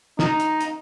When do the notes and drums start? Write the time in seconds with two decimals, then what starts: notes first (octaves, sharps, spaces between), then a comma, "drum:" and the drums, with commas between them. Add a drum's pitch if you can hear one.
0.19 D#4, drum: snare
0.40 drum: hi-hat
0.60 drum: hi-hat